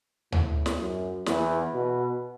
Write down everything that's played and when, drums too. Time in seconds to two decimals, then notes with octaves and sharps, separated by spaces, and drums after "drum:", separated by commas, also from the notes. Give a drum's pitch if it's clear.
0.32 A2, drum: tom
0.66 drum: snare
0.79 F#2
1.26 E2, drum: snare
1.74 B2